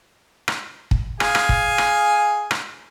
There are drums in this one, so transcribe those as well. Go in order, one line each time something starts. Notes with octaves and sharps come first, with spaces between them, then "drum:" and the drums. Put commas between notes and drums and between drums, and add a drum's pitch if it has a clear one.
drum: rim click
drum: kick
G#4 F5 G#5, drum: rim click
drum: rim click
drum: kick
drum: rim click
drum: rim click